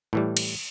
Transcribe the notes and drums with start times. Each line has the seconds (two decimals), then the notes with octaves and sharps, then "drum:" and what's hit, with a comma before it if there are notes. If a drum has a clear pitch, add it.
0.13 A2 E3 G3
0.37 drum: cymbal